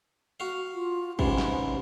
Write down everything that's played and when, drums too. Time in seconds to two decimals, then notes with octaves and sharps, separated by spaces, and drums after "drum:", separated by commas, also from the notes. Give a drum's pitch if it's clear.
0.40 F#4 F5
0.74 F4
1.19 G#2 C3 E3 C#4, drum: kick
1.38 drum: snare